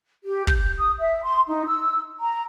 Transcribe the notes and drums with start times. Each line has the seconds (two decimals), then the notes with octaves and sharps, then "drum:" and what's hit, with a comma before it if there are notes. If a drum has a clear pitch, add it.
0.25 G4
0.47 G6, drum: kick
0.77 D#6
0.99 E5
1.23 C6
1.49 D#4
1.67 E6
2.20 A#5